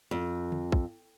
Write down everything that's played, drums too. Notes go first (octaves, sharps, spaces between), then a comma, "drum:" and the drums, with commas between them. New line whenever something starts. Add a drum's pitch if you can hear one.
F2
drum: tom D3
drum: kick